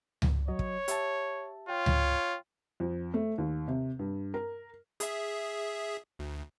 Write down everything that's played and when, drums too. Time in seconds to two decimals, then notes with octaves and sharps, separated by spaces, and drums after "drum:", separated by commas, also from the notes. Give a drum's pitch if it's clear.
0.22 drum: tom C#2
0.48 F#3 C#5 D#5
0.59 drum: kick
0.88 G4 E5 A5, drum: hi-hat
1.69 F4 C#5 G5
1.86 drum: tom C#2
2.80 F2
3.14 A3
3.38 D#2
3.68 C3
3.99 G2
4.34 A#4
5.00 G#4 E5, drum: hi-hat
6.19 D2